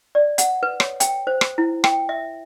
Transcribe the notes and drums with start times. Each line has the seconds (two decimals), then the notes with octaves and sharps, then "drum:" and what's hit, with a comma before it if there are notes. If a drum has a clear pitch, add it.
0.15 D5
0.38 F#5, drum: hi-hat
0.63 B4
0.80 C#5, drum: rim click
1.00 G5, drum: hi-hat
1.27 C5
1.41 drum: rim click
1.58 E4
1.84 G5, drum: rim click
2.09 E5